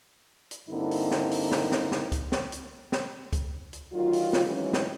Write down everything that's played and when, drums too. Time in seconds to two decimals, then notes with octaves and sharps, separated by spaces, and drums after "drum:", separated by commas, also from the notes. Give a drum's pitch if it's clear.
0.51 drum: hi-hat
0.70 G2 D3 A#3 C4 D#4 E4
0.91 drum: open hi-hat
1.11 drum: snare
1.31 drum: open hi-hat
1.51 drum: snare
1.72 drum: snare
1.92 drum: snare
2.12 drum: kick C#2, hi-hat
2.32 drum: snare
2.52 drum: hi-hat
2.92 drum: snare
3.33 drum: kick C#2, hi-hat
3.73 drum: hi-hat
3.93 D2 D#3 F#3 F4
4.13 drum: open hi-hat
4.33 drum: snare
4.45 D#3 E3 F#3 G#3 C#4
4.73 drum: snare